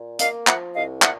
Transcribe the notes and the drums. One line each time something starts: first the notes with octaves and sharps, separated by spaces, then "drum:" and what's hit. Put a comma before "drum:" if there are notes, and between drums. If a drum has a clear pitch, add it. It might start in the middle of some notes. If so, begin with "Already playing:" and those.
Already playing: A#2
A#3 D#5 F5, drum: hi-hat
F3 E5 F#5, drum: clap
C2 D#5 F5
A#2 E5 F#5, drum: clap